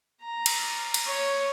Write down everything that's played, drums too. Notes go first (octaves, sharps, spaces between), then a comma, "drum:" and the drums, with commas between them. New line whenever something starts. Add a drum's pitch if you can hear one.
A#5
drum: cymbal
drum: cymbal
C#5